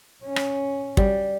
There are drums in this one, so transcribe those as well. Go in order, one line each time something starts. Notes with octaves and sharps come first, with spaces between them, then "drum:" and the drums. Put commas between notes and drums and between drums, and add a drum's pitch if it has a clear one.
C#4
drum: rim click
G3, drum: kick